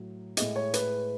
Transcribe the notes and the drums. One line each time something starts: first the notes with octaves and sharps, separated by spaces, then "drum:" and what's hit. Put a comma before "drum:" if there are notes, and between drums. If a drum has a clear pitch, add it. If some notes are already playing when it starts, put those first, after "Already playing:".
Already playing: A2 F#3
A2 G#3 D#5, drum: hi-hat
C#5
B4, drum: hi-hat